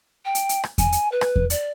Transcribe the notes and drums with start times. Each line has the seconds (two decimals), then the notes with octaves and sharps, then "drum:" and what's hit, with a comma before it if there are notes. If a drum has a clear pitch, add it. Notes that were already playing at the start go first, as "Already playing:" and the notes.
0.25 G5
0.35 drum: hi-hat
0.49 drum: hi-hat
0.64 drum: rim click
0.78 G#5, drum: kick E2, hi-hat
0.92 drum: hi-hat
1.11 B4
1.21 drum: rim click
1.36 drum: kick E2
1.50 D5, drum: hi-hat